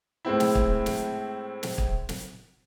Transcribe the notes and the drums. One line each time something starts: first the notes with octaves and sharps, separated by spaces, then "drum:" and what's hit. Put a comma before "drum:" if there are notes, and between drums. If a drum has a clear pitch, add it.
A2 G#3 C4 E4
drum: snare
drum: kick
drum: snare
drum: snare
drum: kick
drum: snare